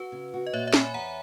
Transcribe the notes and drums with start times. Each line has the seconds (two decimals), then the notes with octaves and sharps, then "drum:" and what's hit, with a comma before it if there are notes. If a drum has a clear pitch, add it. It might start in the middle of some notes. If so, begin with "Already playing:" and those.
Already playing: F#4 B4
0.12 C#3
0.34 F#4
0.47 D#5
0.53 A#2 C#5 E5
0.67 C#5 E5
0.73 G#4, drum: snare
0.81 G#5 B5
0.94 E2 F#5 A#5